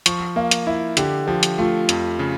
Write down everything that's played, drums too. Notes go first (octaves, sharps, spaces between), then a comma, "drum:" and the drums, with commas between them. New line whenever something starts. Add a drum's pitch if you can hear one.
F3 C#6, drum: hi-hat
A#3 F5
drum: hi-hat
E4 E5
D3 G4, drum: hi-hat
F3 G4
drum: hi-hat
A3 F4
F2, drum: hi-hat
C#3